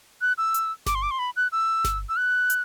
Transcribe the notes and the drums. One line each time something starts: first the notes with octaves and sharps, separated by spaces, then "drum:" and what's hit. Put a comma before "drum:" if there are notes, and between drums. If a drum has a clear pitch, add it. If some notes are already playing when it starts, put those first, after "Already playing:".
F#6
E6
drum: hi-hat
D6, drum: snare G1
C6
D6
C6
B5
F#6
E6
drum: snare G1
E6
F#6
drum: hi-hat